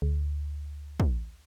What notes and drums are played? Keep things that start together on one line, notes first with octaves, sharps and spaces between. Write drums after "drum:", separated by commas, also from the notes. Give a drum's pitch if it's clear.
D2
drum: kick